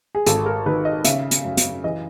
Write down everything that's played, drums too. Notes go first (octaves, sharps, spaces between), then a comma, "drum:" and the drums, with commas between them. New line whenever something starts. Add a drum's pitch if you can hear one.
G#4
G#1 A4, drum: hi-hat
A#4
D#3 B4
D#5
C#3 E5, drum: hi-hat
drum: hi-hat
F#2
drum: hi-hat
E3 D#5